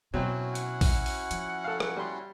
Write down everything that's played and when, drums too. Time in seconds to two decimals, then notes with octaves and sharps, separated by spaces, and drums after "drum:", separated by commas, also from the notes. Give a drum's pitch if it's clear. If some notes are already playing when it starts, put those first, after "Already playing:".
0.14 B2 F#3 C4 C#4 E4 F#4
0.55 F#5, drum: hi-hat
0.81 drum: kick, open hi-hat
1.06 drum: open hi-hat
1.31 F3, drum: hi-hat
1.64 A4 F5
1.80 drum: rim click
1.96 G3 C6